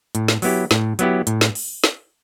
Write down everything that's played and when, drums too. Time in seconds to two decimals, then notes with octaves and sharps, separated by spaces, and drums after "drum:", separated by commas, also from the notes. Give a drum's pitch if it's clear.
0.15 A2, drum: hi-hat
0.28 drum: snare
0.42 F#3 B3 E4 G4, drum: open hi-hat
0.71 A2, drum: snare
0.99 F#3 B3 E4 G4, drum: hi-hat
1.27 A2, drum: hi-hat
1.41 drum: snare
1.55 drum: open hi-hat
1.84 drum: snare